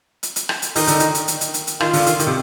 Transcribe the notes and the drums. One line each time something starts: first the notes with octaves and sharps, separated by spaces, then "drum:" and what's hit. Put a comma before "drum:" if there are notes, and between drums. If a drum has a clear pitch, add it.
drum: hi-hat
drum: hi-hat
drum: rim click
drum: hi-hat
D#3 D#4, drum: open hi-hat
D3, drum: hi-hat
D#3, drum: hi-hat
drum: hi-hat
drum: hi-hat
drum: hi-hat
drum: hi-hat
drum: hi-hat
D#3 F4, drum: rim click
D3, drum: open hi-hat
D#3, drum: hi-hat
D#3, drum: hi-hat
C3